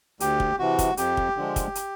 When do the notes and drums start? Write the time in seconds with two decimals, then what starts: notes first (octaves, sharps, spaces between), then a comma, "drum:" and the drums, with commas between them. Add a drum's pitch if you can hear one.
0.20 D2 G4, drum: hi-hat
0.40 drum: kick
0.59 C3 E3 F#4
0.79 drum: kick, hi-hat
0.97 F2 G4, drum: hi-hat
1.17 drum: kick
1.36 D3 F3 G#3
1.56 drum: kick, hi-hat
1.75 drum: hi-hat